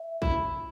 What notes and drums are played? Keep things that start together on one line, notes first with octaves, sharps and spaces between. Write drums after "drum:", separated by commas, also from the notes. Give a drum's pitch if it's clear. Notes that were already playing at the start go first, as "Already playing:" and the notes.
Already playing: E5
E4, drum: kick